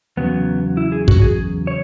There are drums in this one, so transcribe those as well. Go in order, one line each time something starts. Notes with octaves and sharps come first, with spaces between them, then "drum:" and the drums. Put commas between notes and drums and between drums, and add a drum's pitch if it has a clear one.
E2 C#3 F#3 B3
E4
G#4
F#4, drum: kick
G#4
C#5